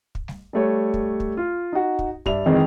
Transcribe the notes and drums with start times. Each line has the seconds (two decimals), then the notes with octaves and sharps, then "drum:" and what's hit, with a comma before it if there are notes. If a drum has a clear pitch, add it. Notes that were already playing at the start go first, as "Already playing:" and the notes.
0.15 drum: kick
0.28 drum: snare G3
0.53 G3 A3 C#5
0.94 drum: kick
1.20 drum: kick
1.37 F4
1.72 D#4 F#4
1.99 drum: kick
2.26 G2 D5 E5 F7, drum: kick
2.46 F2 D#3 E3 G#3 C4